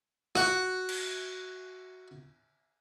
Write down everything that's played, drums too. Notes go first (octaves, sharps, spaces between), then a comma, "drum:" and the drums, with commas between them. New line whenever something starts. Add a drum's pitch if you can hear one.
F#4 F#5, drum: rim click
drum: cymbal